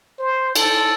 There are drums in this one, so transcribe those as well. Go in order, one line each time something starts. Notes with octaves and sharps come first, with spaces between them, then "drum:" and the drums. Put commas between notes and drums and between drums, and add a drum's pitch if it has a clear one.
C5
A4, drum: cymbal